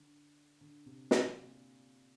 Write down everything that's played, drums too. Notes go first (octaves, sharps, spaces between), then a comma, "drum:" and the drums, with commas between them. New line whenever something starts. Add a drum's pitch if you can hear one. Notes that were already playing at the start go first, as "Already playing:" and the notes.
Already playing: D3
D3
C3
A#2, drum: snare